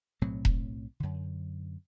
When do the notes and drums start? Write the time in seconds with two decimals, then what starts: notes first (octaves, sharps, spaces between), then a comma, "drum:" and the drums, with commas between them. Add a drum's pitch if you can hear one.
0.21 B1 A2 F#3 C4
0.45 drum: kick E1
1.00 F#2 D3